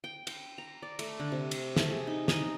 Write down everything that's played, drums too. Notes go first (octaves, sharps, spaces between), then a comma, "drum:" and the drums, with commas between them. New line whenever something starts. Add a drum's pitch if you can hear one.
G5
G5, drum: cymbal
A#5
D5
A3, drum: cymbal
D3
C3
drum: cymbal
A3, drum: snare
G#4
D#4
D#5, drum: snare